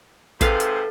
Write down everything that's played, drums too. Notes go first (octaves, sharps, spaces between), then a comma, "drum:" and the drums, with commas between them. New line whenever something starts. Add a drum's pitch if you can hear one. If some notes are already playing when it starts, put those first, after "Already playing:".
G#2 C3 A4 B4 F5 A6, drum: kick, hi-hat
drum: hi-hat